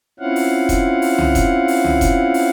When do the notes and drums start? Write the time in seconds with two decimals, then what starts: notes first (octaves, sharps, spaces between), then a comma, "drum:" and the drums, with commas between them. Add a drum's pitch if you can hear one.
0.19 C4 C#4 E4 F4 F5 F#5
0.36 drum: open hi-hat
0.69 drum: kick F1, hi-hat
1.02 drum: open hi-hat
1.18 drum: tom C2
1.35 drum: kick F1, hi-hat
1.68 drum: open hi-hat
1.85 drum: tom C2
2.01 drum: kick F1, hi-hat
2.34 drum: open hi-hat